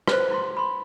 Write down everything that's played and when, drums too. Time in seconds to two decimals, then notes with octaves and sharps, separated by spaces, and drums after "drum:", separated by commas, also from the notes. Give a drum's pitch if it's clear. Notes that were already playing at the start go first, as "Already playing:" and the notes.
0.08 B4 C5, drum: rim click
0.31 E4 C6
0.57 B5 C6